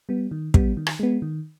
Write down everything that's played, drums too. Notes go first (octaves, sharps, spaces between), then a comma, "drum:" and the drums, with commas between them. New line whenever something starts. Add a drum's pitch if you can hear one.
G3 B3
D#3
G3 B3, drum: kick
D#3
drum: rim click
G#3 B3
D#3